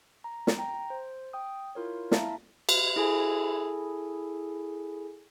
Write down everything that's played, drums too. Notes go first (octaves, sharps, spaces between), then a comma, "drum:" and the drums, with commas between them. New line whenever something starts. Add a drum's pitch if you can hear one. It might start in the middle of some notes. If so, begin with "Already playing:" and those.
A#5
drum: snare
G5 A#5
C5
G5 D#6
E4 F4 A#4 C#5
A#3 E4 E5 F5 A5 A#5, drum: snare
drum: cymbal
E4 G#4 A4 G#5